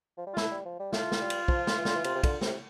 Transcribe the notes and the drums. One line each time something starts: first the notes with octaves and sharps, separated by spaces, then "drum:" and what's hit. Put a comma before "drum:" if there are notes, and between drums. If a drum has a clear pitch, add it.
F3
G3
F4
A3 E4, drum: snare
G3
F3
G3
A3 F4, drum: snare
drum: snare
G3
drum: cymbal
F3, drum: kick
drum: snare
E3
D3, drum: snare
E3
C3, drum: cymbal
C3
D3, drum: kick, cymbal
C3, drum: snare